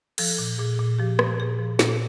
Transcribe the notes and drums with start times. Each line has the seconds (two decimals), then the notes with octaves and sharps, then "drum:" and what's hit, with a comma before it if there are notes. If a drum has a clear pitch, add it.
0.18 F3 A4, drum: cymbal
0.39 A#2
0.58 A#2 G#4
0.79 A#2
0.99 F3 G4
1.19 F3, drum: rim click
1.40 A#2 G#4
1.59 F3
1.79 A#2 A4, drum: snare